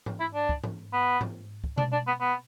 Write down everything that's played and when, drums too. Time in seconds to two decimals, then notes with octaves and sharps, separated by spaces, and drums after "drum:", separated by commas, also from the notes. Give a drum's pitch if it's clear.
0.06 drum: tom G#2
0.20 E4
0.35 D4
0.49 drum: kick
0.64 drum: tom G#2
0.93 B3
1.21 drum: tom G#2
1.64 drum: kick
1.78 D4, drum: tom B2
1.92 D4
2.07 B3
2.21 B3